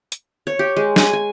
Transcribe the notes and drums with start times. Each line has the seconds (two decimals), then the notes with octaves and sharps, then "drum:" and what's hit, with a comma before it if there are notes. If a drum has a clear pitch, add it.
0.12 drum: hi-hat
0.47 C#5
0.59 G4
0.77 G#3
0.96 G#5, drum: snare
1.13 G#5